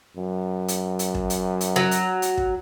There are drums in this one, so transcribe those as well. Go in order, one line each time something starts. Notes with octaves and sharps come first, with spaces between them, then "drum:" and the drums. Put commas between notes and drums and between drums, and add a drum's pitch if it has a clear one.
F#2
drum: hi-hat
drum: hi-hat
drum: kick
drum: hi-hat
drum: hi-hat
F#3
drum: hi-hat
drum: hi-hat
drum: kick